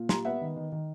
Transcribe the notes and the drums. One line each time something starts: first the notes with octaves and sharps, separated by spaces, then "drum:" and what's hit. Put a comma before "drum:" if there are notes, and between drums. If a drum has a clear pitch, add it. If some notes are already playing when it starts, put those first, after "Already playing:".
Already playing: A#2
G3 A#5 C6, drum: snare
B3 E5 F#5
D#3
D#3
D#3